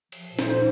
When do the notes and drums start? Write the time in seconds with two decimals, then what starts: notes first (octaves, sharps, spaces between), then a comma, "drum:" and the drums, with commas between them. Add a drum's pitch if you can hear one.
0.12 F3, drum: cymbal
0.30 A#2
0.39 C5, drum: snare
0.47 D#4